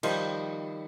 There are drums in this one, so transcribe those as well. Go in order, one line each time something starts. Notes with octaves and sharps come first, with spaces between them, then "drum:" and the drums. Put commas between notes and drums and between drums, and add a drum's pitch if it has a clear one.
D#3 F3 G3 C5, drum: cymbal